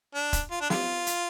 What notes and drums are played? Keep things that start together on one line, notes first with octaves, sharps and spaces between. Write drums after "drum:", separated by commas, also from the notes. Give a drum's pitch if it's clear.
D4
drum: kick, hi-hat
F4
D4
F4, drum: snare
drum: hi-hat